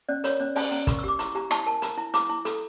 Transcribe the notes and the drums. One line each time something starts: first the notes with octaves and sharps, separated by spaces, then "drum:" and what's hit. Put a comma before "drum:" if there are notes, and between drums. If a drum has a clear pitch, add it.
C#4 D5
A#4 C#5, drum: hi-hat
C#4 D5
C#4 D5, drum: open hi-hat
C#4 A#5
A#4 C#6, drum: kick, hi-hat
E6
G4 D6
E4 C#6, drum: hi-hat
G4 A#5
E4 A5, drum: rim click
A#4 A5
A#4 A#5, drum: hi-hat
E4
E4 D6, drum: hi-hat
E4
A4, drum: hi-hat